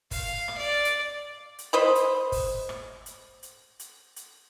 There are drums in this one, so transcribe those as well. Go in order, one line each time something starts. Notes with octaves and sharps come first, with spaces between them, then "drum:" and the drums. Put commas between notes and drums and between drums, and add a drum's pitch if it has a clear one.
F5, drum: kick, open hi-hat
drum: rim click
D5
drum: hi-hat
drum: hi-hat
C5 D#5 B5
drum: hi-hat
drum: kick, open hi-hat
drum: rim click
drum: hi-hat
drum: hi-hat
drum: hi-hat
drum: hi-hat